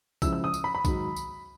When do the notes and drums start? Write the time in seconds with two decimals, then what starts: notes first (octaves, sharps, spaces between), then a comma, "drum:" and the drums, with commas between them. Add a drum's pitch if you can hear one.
0.22 C#3 F3 G#3 C#4 E4 E6, drum: kick B1, tambourine
0.33 E6
0.44 D#6
0.54 drum: tambourine
0.64 B5
0.75 B5
0.85 G#2 D#3 F#3, drum: kick B1, tambourine
1.16 drum: tambourine